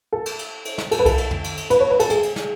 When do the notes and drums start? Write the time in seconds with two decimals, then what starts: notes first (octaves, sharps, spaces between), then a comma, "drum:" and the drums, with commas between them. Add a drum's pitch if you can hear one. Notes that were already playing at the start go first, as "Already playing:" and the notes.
0.13 A4
0.26 drum: cymbal
0.39 drum: cymbal
0.65 drum: cymbal
0.78 drum: snare
0.91 A4, drum: cymbal
0.99 B4
1.06 A4, drum: kick C2, cymbal
1.18 drum: cymbal
1.31 drum: tom
1.44 drum: cymbal
1.57 drum: cymbal
1.70 B4, drum: cymbal
1.80 C#5
1.90 B4
2.00 A4, drum: cymbal
2.10 G#4, drum: cymbal
2.23 drum: cymbal
2.36 drum: snare